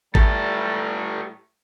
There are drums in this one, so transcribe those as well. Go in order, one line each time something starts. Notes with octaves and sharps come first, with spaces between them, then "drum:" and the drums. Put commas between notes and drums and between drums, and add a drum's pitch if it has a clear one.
A2 G3 A3 G4 A4, drum: kick G#1